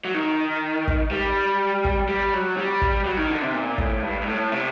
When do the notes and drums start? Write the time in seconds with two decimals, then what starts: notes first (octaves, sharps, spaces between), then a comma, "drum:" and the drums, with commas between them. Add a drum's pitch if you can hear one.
0.05 F#3
0.14 D#3
0.88 drum: kick
1.11 G3
1.85 drum: kick
2.09 G3
2.34 F#3
2.57 G3
2.82 drum: kick
3.06 F#3
3.17 D#3
3.30 D3
3.42 C3
3.54 A#2
3.78 A2, drum: kick
4.02 G2
4.22 G2
4.27 A2
4.52 C3